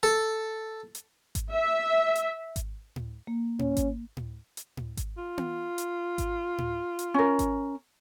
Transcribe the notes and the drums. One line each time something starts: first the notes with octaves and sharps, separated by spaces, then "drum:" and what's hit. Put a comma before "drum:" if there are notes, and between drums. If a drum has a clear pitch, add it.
A4
drum: hi-hat
drum: kick G#1, hi-hat
E5
drum: hi-hat
drum: kick G#1, hi-hat
drum: tom A2
A#3
C#4, drum: tom A2
drum: kick G#1, hi-hat
drum: tom A2
drum: hi-hat
drum: tom A2
drum: kick G#1, hi-hat
F4
drum: tom B3
drum: hi-hat
drum: kick G#1, hi-hat
drum: tom A2
drum: hi-hat
C#4 A#4
drum: kick G#1, hi-hat